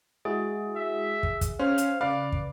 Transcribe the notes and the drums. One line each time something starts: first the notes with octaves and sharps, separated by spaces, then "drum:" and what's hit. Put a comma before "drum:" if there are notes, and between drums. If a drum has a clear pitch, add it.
G#3 E4 F#4 G#4
E5
drum: kick
drum: kick, hi-hat
C#4 C5 F5
drum: hi-hat
C#3 B4 D5 F5
drum: kick